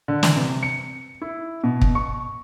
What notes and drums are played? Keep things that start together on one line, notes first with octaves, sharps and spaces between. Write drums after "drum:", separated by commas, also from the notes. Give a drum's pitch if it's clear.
D3
E3, drum: snare
C3
C#7
E4
B2
drum: kick
C#6